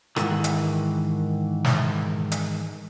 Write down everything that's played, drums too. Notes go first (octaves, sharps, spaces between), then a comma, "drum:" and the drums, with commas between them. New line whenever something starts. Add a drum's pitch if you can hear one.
G#2 D#3 E3, drum: rim click
drum: hi-hat
drum: snare
drum: hi-hat